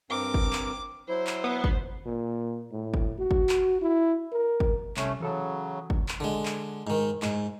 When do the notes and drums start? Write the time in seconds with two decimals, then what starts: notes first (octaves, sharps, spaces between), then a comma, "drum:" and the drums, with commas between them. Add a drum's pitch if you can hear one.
0.10 G2 C4 A#4 D6
0.34 drum: kick
0.53 drum: clap
1.08 F#3 E4 C5
1.27 drum: clap
1.44 B3
1.64 drum: kick
2.05 A#2
2.72 A2
2.94 drum: kick
3.18 F#4
3.31 drum: kick
3.49 drum: clap
3.81 E4
4.32 A#4
4.60 drum: kick
4.97 C2 A3 C#4, drum: clap
5.20 C#3 E3 F#3 A4 A5
5.90 drum: kick
6.09 drum: clap
6.20 D3 G#3
6.46 drum: clap
6.87 G#2 D#3
7.22 G#2, drum: clap